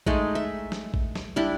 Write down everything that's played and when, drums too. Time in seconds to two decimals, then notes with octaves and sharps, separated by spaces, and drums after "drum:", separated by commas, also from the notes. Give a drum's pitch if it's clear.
0.07 G#3 A3 D#4, drum: kick A1
0.35 E5
0.72 drum: snare
0.94 drum: kick A1
1.15 drum: snare
1.36 G3 D4 E4